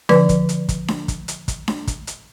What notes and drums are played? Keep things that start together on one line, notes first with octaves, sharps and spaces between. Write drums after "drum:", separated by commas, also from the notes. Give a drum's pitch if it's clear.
D3 F3 B4 D5, drum: snare D4
drum: kick, hi-hat
drum: hi-hat
drum: kick, hi-hat
drum: snare D4
drum: kick, hi-hat
drum: hi-hat
drum: kick, hi-hat
drum: snare D4
drum: kick, hi-hat
drum: hi-hat